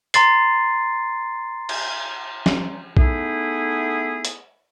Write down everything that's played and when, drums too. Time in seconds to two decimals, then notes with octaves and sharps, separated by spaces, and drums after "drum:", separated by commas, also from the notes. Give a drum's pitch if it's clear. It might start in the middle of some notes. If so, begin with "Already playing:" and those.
0.14 A#5 C6 A6 C7, drum: hi-hat
1.69 drum: cymbal
2.46 drum: snare
2.97 A3 B3 D#4 E4 G#4, drum: kick
4.25 drum: hi-hat